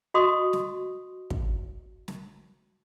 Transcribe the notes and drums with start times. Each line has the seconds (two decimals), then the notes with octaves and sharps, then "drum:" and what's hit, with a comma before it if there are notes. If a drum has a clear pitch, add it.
0.14 F#4 D#5 C6 C#6 D#6
0.53 drum: snare
1.30 drum: kick
2.08 drum: snare